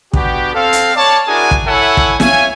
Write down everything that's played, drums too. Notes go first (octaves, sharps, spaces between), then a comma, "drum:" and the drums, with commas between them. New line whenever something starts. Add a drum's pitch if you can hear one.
B3 D4 F#4 G4, drum: kick
C4 A4 F5
drum: hi-hat
C#5 D5 A5
D4 E4 F#4 G#4 A#4 G#5
drum: kick
E4 A4 C#5 E5 F#5 G#5
drum: kick
C#5 E5 F5 G#5, drum: snare